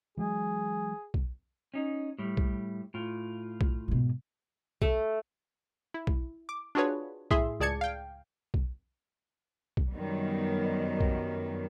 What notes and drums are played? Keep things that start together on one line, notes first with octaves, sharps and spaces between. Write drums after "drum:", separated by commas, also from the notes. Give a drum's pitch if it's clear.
E3 F#3 G#3 G#4
drum: kick B1
C#4 D#4
A2 G3
drum: kick B1
A2 F4
drum: kick B1
G#2 B2
A3, drum: kick B1
E4
drum: kick B1
D6
D4 F4 F#4 G#4 B4 C#5
A2 G#4 E5 C6, drum: kick B1
C#2 G#4 D5 A5 G#6 C#7
F5 G5
drum: kick B1
drum: kick B1
F#2 D#3 G3 B3
drum: kick B1